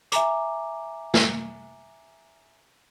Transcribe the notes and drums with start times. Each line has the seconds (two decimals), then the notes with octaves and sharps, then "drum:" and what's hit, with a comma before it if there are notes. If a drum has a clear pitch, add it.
0.12 E5 G#5 A#5 D6, drum: hi-hat
1.14 drum: snare